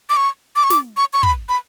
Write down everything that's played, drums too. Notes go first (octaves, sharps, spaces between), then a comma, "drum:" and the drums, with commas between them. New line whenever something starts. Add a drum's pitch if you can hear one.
D6
C#6
D6
C#6
D6, drum: snare
C#6
C#6
B5, drum: kick
B5